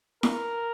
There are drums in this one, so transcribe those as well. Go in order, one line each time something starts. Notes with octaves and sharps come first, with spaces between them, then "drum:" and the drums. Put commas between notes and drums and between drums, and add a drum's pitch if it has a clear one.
A#4, drum: snare E4